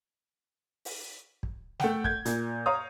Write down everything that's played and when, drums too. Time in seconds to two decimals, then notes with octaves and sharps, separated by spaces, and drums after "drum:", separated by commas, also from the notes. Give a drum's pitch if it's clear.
0.85 drum: open hi-hat
1.43 drum: kick
1.80 A3 F#5 G5, drum: snare
2.04 G6 G#6, drum: kick
2.25 A#2, drum: hi-hat
2.66 C#5 F5 A#5 D#6